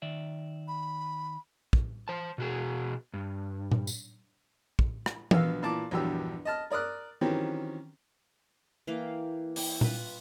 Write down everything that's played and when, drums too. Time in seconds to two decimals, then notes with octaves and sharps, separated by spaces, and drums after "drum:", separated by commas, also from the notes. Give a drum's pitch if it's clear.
0.02 D#3 D5 E5
0.68 B5
1.73 drum: kick
2.08 C5 A5
2.38 B2 F#4 G#4
3.14 G2
3.71 drum: tom A#2
3.87 drum: tambourine
4.79 drum: kick
5.06 drum: rim click
5.31 A#1 B2 B3 F5 E6, drum: tom E3
5.63 A#2 E3 A5 D6
5.91 A#1 E2 G2 F#3 G4 E6
6.45 D#5 A5 F6
6.71 A#4 D5 D#6 F6 F#6
7.21 D#3 E3 F#3 C4 C#4 G4
8.87 E3 A#3 F5 G5
9.56 E4 G5, drum: open hi-hat
9.81 F4 B4, drum: tom A#2